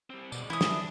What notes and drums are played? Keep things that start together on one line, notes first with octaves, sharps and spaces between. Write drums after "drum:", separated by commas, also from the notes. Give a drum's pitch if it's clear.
G3 C4
B2 G#3 D5, drum: tambourine
E3 C#4 E4 D#6
drum: snare
D4